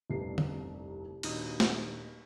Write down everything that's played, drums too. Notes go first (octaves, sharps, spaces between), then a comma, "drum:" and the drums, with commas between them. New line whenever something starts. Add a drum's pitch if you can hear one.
F1 C2 G2 C3 B3 C7
drum: tom
D#1 D4 D#4 F#4 D#6 D#7, drum: cymbal
drum: snare